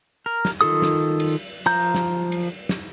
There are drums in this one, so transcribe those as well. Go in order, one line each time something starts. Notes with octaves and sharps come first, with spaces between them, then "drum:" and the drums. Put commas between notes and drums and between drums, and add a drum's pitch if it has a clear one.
A#4
drum: snare
D#3 F4 A4 D#6
drum: snare
drum: cymbal
F3 A#5 G6
drum: snare
drum: cymbal
drum: snare